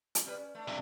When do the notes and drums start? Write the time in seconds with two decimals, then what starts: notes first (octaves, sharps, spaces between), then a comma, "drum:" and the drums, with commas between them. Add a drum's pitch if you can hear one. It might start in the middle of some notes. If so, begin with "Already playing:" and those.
0.15 drum: hi-hat
0.24 C3 G3 B4
0.37 C#4
0.55 A3 D4
0.68 G2 C3